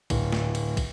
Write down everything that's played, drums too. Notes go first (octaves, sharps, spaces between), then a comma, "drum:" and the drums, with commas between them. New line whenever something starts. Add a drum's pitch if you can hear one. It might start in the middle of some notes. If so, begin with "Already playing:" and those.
D1, drum: kick, cymbal
drum: snare
drum: cymbal
drum: kick, cymbal